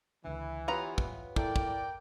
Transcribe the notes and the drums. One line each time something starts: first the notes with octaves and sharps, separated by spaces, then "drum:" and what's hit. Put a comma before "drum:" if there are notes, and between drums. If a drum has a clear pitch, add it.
C#2 D3 E3
B3 F4 G4 B4 C#5 A#5
drum: kick
E4 A4 A#4 D5 G5, drum: kick
drum: kick